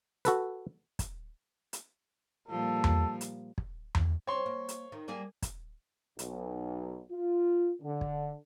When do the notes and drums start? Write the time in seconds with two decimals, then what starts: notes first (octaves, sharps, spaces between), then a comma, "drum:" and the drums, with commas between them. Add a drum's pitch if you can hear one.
0.25 F#4 A4 B4, drum: hi-hat
0.99 drum: kick, hi-hat
1.73 drum: hi-hat
2.48 A#2 F3 G3 A4
2.84 drum: tom E2
3.21 drum: hi-hat
3.58 drum: kick
3.95 drum: tom E2
4.27 C4 C#5 C6
4.46 A#3
4.69 drum: hi-hat
4.92 D#3
5.08 G3 A#3 G#4
5.42 drum: kick, hi-hat
6.19 B1, drum: hi-hat
7.12 F4
7.82 D3
8.01 drum: kick